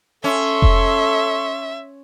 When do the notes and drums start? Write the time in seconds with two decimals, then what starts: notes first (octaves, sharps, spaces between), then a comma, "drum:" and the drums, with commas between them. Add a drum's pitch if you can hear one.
0.24 C#4 A4 E5 C6 C#6
0.62 drum: kick F1